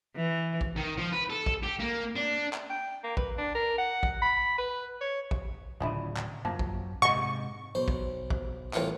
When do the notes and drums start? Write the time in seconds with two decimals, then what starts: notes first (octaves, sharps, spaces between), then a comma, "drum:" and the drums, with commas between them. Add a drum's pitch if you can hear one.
0.16 E3
0.61 drum: kick
0.76 D#3
0.97 F3
1.13 B4
1.30 A4
1.46 drum: kick
1.63 G4
1.80 A#3
2.16 D4
2.53 drum: clap
2.70 G5
3.04 A#3
3.17 B4, drum: kick
3.38 D4
3.55 A#4
3.78 F#5
4.03 drum: kick
4.22 B5
4.58 B4
5.01 C#5
5.31 drum: kick
5.80 D1 C#3 F3 D4 E4
6.17 drum: clap
6.45 F#2 F3 A#3 A5
6.59 drum: kick
7.02 G#2 C3 D#5 F#5 C#6
7.75 B1 C5
7.88 drum: kick
8.30 drum: kick
8.74 C2 A2 E3 F4 F#5, drum: clap